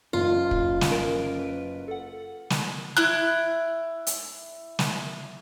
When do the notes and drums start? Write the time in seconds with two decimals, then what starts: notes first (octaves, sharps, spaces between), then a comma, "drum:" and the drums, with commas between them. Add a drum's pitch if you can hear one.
0.13 F#1 F4
0.51 drum: kick
0.81 drum: snare
0.90 C#4 A#4 D7
1.39 B4
1.88 A4 F#5
2.50 drum: snare
2.97 E4 F#6
4.07 drum: hi-hat
4.79 drum: snare